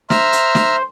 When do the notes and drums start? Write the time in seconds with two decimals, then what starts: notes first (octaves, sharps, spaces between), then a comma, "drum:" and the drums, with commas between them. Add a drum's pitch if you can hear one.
0.10 C5 E5 A#5 F6, drum: snare
0.33 drum: hi-hat
0.55 drum: snare